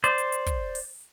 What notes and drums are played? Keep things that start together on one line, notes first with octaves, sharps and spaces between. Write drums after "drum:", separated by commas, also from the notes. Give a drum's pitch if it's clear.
C5 D5, drum: hi-hat
drum: hi-hat
drum: hi-hat
drum: kick, hi-hat
drum: open hi-hat